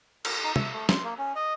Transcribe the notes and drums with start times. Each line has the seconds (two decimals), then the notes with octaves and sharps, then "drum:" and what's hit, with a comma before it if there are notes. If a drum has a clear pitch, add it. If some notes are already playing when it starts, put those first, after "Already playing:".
0.25 F6, drum: cymbal
0.44 D#4
0.56 E5, drum: tom
0.73 A3
0.89 C6, drum: snare
1.04 A#3
1.18 C#4
1.35 D#5